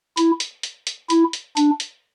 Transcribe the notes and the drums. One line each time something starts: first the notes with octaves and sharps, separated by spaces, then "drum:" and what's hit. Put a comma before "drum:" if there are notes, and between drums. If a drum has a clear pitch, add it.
E4, drum: hi-hat
drum: hi-hat
drum: hi-hat
drum: hi-hat
E4, drum: hi-hat
drum: hi-hat
D4, drum: hi-hat
drum: hi-hat